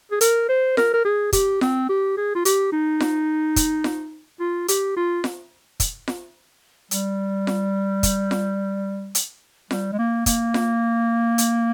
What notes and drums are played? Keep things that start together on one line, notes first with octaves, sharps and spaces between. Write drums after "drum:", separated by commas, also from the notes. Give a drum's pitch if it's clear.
G#4
A#4, drum: hi-hat
C5
A#4, drum: snare F4
A#4
G#4
G4, drum: kick, hi-hat
C4, drum: snare F4
G4
G#4
F4
G4, drum: hi-hat
D#4
drum: snare F4
drum: kick, hi-hat
drum: snare F4
F4
G4, drum: hi-hat
F4
drum: snare F4
drum: kick, hi-hat
drum: snare F4
G3, drum: hi-hat
drum: snare F4
drum: kick, hi-hat
drum: snare F4
drum: hi-hat
G3, drum: snare F4
G#3
A#3
A#3, drum: kick, hi-hat
drum: snare F4
drum: hi-hat